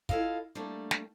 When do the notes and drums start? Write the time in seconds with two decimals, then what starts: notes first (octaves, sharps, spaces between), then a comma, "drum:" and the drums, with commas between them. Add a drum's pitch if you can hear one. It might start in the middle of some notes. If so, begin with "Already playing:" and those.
0.09 E4 F4 A4 D#5 F5, drum: kick
0.55 G3 A3 A#3 D4
0.91 drum: snare